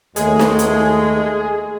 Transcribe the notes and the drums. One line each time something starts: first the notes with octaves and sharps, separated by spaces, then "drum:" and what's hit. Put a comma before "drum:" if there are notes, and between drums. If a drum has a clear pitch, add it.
D#2 G#3 A3 G#4, drum: hi-hat
drum: snare
drum: hi-hat